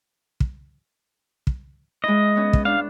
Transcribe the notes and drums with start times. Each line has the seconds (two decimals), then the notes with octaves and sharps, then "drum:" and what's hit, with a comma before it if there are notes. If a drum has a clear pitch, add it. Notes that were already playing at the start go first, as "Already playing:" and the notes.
0.40 drum: kick
1.47 drum: kick
2.04 G#3 E4 D#5
2.36 B3 C#4
2.53 drum: kick
2.65 D4 F5